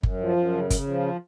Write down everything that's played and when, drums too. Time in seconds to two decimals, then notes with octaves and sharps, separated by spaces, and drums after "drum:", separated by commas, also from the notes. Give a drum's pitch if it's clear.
0.03 F#2, drum: kick G1
0.21 F3
0.37 F#2
0.54 C#3
0.70 C#3, drum: kick G1, hi-hat
0.88 F3